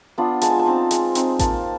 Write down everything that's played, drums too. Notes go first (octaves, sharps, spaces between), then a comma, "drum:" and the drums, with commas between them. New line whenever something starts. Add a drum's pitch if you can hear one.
B3 D4 F4
G#3 A5, drum: hi-hat
G#5
A5
C4 D#4
G#3, drum: hi-hat
C4 D#4, drum: hi-hat
A#3 A5, drum: kick A1, hi-hat